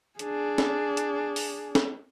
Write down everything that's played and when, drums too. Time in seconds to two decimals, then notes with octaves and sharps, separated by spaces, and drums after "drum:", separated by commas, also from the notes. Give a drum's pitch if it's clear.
0.19 D4 G#4, drum: hi-hat
0.58 drum: snare
0.97 drum: hi-hat
1.36 drum: open hi-hat
1.75 drum: snare